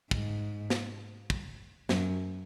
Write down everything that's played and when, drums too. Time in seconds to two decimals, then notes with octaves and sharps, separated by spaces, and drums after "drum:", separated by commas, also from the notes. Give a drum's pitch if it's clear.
0.11 G#2, drum: kick
0.70 drum: snare
1.30 drum: kick
1.89 F#2, drum: snare